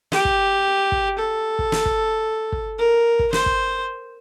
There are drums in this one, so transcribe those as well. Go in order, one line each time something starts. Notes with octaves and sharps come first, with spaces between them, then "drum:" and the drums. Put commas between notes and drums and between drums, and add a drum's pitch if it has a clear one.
G4, drum: snare
drum: kick
drum: kick
A4
drum: kick
drum: snare
drum: kick
drum: kick
A#4
drum: kick
C5, drum: snare
drum: kick